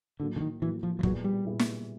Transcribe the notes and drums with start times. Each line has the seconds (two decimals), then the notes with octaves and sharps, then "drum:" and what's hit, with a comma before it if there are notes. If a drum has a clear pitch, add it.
0.20 A2 D3 F#3 A#3
0.36 D3
0.41 D#3
0.62 A2 E3 F#3 A#3
0.83 F3
0.99 F3
1.03 A#2 F#3 G3 B3 E4 G#4, drum: kick
1.24 G3
1.45 A#2 G3 B3 E4 G#4
1.59 drum: snare